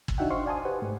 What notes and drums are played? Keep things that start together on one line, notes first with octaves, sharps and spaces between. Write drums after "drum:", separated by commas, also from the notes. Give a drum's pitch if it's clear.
drum: kick
D4 D#4 F#4 E5 F#5 G5
C5 D#5 F5 C6 C#6
D5 F5 G#5 A5 C6 D#6
G4 B4 C5 F#5
G#2 A3